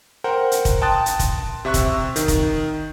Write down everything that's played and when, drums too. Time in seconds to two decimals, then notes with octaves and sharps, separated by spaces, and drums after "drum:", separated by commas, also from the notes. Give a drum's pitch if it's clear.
0.24 A#4 C5 F#5 G5
0.52 drum: hi-hat
0.65 drum: kick, hi-hat
0.81 G5 A5 C6 D#6 F#6 A6
1.06 drum: hi-hat
1.19 drum: kick, hi-hat
1.65 C3 E5 C#6 F#6
1.74 drum: kick, hi-hat
2.16 D#3, drum: hi-hat
2.28 drum: kick, hi-hat